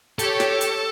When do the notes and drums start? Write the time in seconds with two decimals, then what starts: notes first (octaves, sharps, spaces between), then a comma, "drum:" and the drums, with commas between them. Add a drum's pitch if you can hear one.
0.19 G4 A4 C#5, drum: hi-hat
0.40 drum: snare
0.61 drum: hi-hat